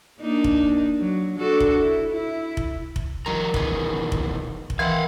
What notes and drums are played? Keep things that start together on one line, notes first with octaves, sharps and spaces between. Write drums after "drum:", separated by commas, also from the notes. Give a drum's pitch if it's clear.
A#3 D4 D#4
drum: kick F1
F#3
D4 F#4 A4
drum: kick F1
E4
E4
drum: kick F1
drum: kick F1
D#3 F3 G3 A#4 A#5
B2 D#3 E3 B3 G#4, drum: kick F1
drum: kick F1
drum: kick F1
D#3 E3 B3 C4 F5 F#5